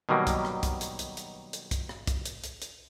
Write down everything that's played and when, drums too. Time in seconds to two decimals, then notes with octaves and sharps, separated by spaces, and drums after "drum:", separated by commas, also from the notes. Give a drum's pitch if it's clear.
0.09 B2 D#3 F#3 G3 A#3
0.27 drum: kick, hi-hat
0.45 drum: rim click
0.63 drum: kick, hi-hat
0.81 drum: hi-hat
0.99 drum: hi-hat
1.17 drum: hi-hat
1.53 drum: hi-hat
1.71 drum: kick, hi-hat
1.89 drum: rim click
2.07 drum: kick, hi-hat
2.25 drum: hi-hat
2.44 drum: hi-hat
2.62 drum: hi-hat